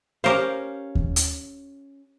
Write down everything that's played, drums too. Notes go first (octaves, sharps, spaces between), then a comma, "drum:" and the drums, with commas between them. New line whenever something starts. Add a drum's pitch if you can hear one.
C#4 G4 A#4 C5 F5
drum: kick D#2
drum: hi-hat